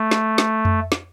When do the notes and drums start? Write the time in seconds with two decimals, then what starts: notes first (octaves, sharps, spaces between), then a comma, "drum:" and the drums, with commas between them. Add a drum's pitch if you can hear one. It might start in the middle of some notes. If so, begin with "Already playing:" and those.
Already playing: A3
0.11 drum: snare
0.38 drum: snare
0.65 drum: tom F2
0.92 drum: snare